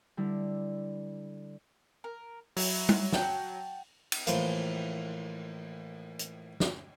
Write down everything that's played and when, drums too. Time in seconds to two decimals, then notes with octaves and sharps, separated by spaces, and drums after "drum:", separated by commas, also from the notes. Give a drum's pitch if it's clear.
0.17 D3 G3 E4
2.04 A#4
2.56 F#3 E4, drum: open hi-hat
2.89 drum: tom G3
3.13 F#5 G5 A5, drum: snare
4.12 drum: cymbal
4.27 A2 E3 F3 A#3, drum: hi-hat
6.19 drum: hi-hat
6.60 drum: snare